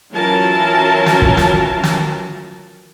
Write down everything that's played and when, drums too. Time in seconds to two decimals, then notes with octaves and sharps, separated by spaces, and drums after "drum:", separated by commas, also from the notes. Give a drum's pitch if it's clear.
0.14 E3 F#3 C#4 F4 A#4 A5
1.06 drum: snare
1.22 drum: kick
1.37 drum: snare
1.83 drum: snare